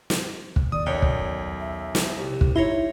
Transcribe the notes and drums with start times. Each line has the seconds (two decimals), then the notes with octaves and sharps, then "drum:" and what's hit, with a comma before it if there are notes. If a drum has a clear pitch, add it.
0.10 drum: snare
0.56 drum: kick
0.72 D#2 D5 D#6
0.86 B1 F#2 C#5 G5
1.02 drum: kick
1.60 E5
1.95 drum: snare
2.18 C2 G4
2.41 drum: kick
2.56 D#4 E4 C#5 A#5 C6